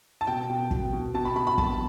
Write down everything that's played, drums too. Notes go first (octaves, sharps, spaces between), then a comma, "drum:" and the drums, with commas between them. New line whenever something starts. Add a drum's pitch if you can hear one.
A5
B2 G5
B2
B2, drum: kick
B2
B2 A5
B5
B2 B5
B5
B2 A5, drum: kick